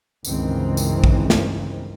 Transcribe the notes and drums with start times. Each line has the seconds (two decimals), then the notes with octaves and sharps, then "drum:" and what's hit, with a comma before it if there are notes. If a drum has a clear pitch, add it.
0.25 C#2 G2 D#3 E3 C4, drum: tambourine
0.77 drum: tambourine
1.04 drum: kick
1.30 drum: snare